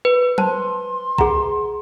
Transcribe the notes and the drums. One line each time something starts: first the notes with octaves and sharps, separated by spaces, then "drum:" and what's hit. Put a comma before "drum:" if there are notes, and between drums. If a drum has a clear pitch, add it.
B4
C5 A5 C6, drum: tom F#3
G#4 F#5 A#5, drum: kick A#1